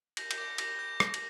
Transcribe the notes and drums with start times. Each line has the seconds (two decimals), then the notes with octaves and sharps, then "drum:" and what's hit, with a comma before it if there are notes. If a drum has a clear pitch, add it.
0.17 G6 A#6, drum: cymbal
0.31 G6, drum: cymbal
0.38 D6 A#6
0.58 D6 A#6, drum: cymbal
0.79 G6
1.00 G6 A#6, drum: rim click
1.14 drum: cymbal